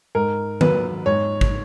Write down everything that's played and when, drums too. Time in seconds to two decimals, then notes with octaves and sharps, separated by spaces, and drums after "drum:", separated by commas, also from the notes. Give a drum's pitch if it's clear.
0.15 G#2 A#4
0.61 F#3 B4, drum: tom D#3
1.06 G#2 C#5
1.41 drum: kick